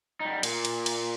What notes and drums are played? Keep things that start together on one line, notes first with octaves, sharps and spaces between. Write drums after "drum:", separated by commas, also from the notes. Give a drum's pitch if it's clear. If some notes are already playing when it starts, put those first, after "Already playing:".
G3 D#4
A#2, drum: cymbal
drum: cymbal
drum: cymbal